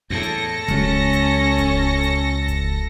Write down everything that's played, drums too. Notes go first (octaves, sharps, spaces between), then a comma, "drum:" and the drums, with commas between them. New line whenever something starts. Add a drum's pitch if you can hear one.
E2 A2 A4 A#6 C#7
drum: hi-hat
C#2 F#3 C#4, drum: kick D1, hi-hat
drum: hi-hat
drum: kick D1, hi-hat
drum: hi-hat
drum: kick D1, hi-hat